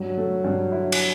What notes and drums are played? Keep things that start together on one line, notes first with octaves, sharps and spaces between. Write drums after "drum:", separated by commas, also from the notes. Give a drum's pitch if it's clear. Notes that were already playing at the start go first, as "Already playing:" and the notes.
Already playing: G2 F#3
A3
G2
E4
drum: cymbal